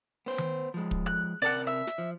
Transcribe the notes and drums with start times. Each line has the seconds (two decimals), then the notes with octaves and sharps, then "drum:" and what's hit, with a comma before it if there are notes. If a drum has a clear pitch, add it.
0.26 B3 C5
0.38 drum: tom D#3
0.74 F3 G#3
0.91 drum: kick
1.06 F#6
1.42 C3 A#4 D5 F#5 A5
1.67 E5
1.87 drum: snare
1.98 F3